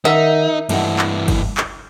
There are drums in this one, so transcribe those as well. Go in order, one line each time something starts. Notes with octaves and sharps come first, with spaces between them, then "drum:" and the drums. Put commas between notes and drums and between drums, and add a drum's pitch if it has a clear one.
D#3 D#4 A#4 E5 F#5
G2 E3 A3 D#5 F#5, drum: cymbal
drum: clap
drum: kick, cymbal
drum: clap